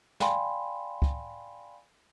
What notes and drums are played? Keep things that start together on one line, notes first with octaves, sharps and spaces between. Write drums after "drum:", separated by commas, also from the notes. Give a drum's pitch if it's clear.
D5 F5 G5 G#5 B5 C6, drum: snare
drum: kick C#2